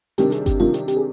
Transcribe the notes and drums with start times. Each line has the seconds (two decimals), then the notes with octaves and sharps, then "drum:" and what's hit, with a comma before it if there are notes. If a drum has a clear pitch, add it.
0.18 C3 D#3 G3 D4 G4, drum: hi-hat
0.32 G#4, drum: hi-hat
0.46 G4, drum: kick G1, hi-hat
0.60 C3 D#3 G3 D4 F4
0.74 G4, drum: hi-hat
0.88 G4, drum: hi-hat
0.97 G#4